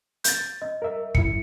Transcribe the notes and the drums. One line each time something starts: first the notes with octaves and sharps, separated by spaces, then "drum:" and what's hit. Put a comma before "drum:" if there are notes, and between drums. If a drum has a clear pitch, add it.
G6 A6, drum: hi-hat
D#5
A#4 E5
F#2 E4 C#7, drum: kick